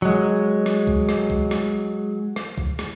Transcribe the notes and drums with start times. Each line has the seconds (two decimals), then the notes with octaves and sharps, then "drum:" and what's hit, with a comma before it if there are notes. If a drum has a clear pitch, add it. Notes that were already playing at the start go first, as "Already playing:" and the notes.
0.02 F#3 G#3
0.66 drum: rim click
0.87 drum: kick
1.09 drum: rim click
1.30 drum: kick
1.51 drum: rim click
2.36 drum: rim click
2.58 drum: kick
2.79 drum: rim click